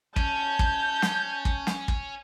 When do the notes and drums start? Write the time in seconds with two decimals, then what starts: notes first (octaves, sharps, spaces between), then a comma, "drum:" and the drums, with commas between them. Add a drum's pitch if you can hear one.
0.16 C#4 A5 G6, drum: kick
0.59 drum: kick
1.02 drum: snare
1.45 drum: kick
1.67 drum: snare
1.88 drum: kick